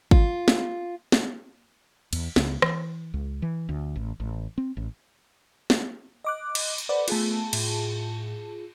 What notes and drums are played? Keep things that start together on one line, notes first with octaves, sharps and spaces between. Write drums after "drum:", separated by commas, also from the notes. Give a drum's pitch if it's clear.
F4, drum: kick G#1
drum: snare
drum: snare
E2, drum: cymbal
C#2, drum: snare
E3, drum: rim click
C#2
E3
D2
A1
A1
C4
A1
drum: snare
D#5 D6 F#6
drum: cymbal
drum: tambourine
A4 B4 C5 D5 F#5 B5
A3 B3 F4 G#4 A5, drum: cymbal
A2, drum: cymbal